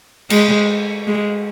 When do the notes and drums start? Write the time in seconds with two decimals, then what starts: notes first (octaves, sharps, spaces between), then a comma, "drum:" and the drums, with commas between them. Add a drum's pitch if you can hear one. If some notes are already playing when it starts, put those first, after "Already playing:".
0.30 G#3, drum: cymbal
1.07 G#3